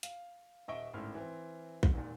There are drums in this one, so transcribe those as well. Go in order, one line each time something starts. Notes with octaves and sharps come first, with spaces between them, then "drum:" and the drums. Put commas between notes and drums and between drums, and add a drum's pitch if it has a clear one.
F5, drum: hi-hat
D#1 D#5 E5 C#6 D7 G7
G#1 C#2 A2 C6 F6
E3 C4
drum: kick A#1
E1 D#2 A#2